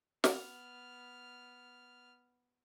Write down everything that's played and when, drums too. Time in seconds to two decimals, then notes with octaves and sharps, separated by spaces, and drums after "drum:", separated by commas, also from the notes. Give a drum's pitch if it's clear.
0.24 B3 F6, drum: snare